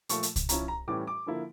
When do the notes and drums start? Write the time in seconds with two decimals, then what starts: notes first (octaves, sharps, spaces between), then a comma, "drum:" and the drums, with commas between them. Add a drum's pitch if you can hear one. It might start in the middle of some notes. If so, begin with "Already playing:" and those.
0.09 A#2 F3 A3 C#6, drum: hi-hat
0.23 drum: hi-hat
0.36 drum: kick C2, hi-hat
0.49 F3 C#4 E4 A#5, drum: hi-hat
0.68 A#5
0.88 A2 E3 G3 C#4 D6
1.07 D6
1.26 D3 F3 A#3 E4